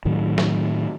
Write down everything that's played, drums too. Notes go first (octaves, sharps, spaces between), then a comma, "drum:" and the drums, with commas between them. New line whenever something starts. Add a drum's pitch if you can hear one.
A2 D#3 F#3
drum: snare